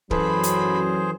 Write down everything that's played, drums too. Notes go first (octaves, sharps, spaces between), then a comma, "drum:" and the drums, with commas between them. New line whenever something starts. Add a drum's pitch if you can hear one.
F#2 E3 F#3 G#4 A4 B4 C5 B5, drum: kick
drum: hi-hat